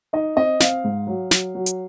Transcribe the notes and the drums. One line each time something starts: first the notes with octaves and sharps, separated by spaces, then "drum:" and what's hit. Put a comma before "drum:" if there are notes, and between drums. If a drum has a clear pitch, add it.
D#4 D#5
C4 D#5
C4 F5, drum: snare
G#2
F#3
F#3, drum: snare
F#3
drum: hi-hat